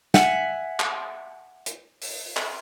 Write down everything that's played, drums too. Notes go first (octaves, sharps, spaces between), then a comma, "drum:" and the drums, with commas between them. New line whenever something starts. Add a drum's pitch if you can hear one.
E5 F#5 G#5, drum: snare
drum: clap
drum: hi-hat
drum: open hi-hat
drum: clap